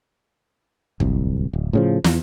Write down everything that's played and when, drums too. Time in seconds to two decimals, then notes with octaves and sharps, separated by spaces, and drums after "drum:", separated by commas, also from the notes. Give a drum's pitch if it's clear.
1.00 D1 C2, drum: kick
1.53 D1
1.73 A2 C#3 F3
2.04 E2, drum: snare